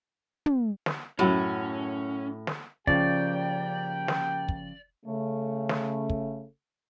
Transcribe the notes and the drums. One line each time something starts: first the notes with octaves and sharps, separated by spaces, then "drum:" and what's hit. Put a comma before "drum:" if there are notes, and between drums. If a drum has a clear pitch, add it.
drum: tom
drum: snare
F#2 A2 F#3 C#4 F#4
drum: snare
C#3 F3 A#3 G4 D5 G5, drum: kick
drum: snare
drum: kick
C#3 A3
drum: snare
drum: kick